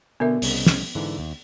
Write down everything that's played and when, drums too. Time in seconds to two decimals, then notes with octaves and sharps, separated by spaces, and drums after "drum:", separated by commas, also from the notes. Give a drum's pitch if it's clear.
0.20 B2 D3 B3 A#4 E5
0.42 C2 C#3 D#5, drum: open hi-hat
0.66 drum: snare
0.95 G#2 D3 E3
1.19 D#2